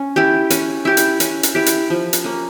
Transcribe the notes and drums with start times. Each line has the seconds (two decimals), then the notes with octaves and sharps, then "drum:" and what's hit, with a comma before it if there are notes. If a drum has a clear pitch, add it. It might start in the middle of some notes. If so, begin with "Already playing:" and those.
Already playing: C#4
0.16 E4 G4
0.50 C#4, drum: hi-hat
0.85 E4 G4
0.97 drum: hi-hat
1.20 C#4, drum: hi-hat
1.43 drum: hi-hat
1.55 E4 G4
1.66 drum: hi-hat
1.90 F3
2.13 drum: hi-hat
2.24 A#3 C#4